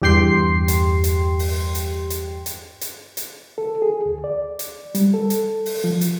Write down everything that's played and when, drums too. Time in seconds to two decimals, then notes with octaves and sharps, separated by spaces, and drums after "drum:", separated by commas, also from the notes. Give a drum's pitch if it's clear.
0.02 E2 G2 G4 G5 C6 C7
0.68 drum: hi-hat
1.04 drum: hi-hat
1.39 drum: open hi-hat
1.75 drum: hi-hat
2.10 drum: hi-hat
2.46 drum: hi-hat
2.81 drum: hi-hat
3.17 drum: hi-hat
3.58 A4
3.82 G#4
4.06 D2
4.24 D5
4.59 drum: hi-hat
4.95 G3, drum: hi-hat
5.14 A4
5.30 drum: hi-hat
5.66 drum: open hi-hat
5.84 F3
6.01 drum: hi-hat